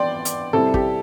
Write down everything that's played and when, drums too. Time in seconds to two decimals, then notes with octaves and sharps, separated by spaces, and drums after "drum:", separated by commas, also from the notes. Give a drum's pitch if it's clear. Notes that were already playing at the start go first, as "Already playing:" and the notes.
Already playing: E3 B3 D5 G5 C6
0.25 drum: hi-hat
0.53 C3 G3 C4 E4 A4
0.74 G4, drum: kick